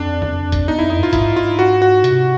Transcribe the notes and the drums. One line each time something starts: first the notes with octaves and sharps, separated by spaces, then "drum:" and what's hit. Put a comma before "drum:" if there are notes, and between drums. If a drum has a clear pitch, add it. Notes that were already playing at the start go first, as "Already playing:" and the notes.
Already playing: F2 D4
drum: tom E2
drum: kick, hi-hat
E2 D#4
F2 E4
D#4
G2 F4
G#2 E4, drum: kick, hi-hat
F4
F#4
F#4
C3, drum: hi-hat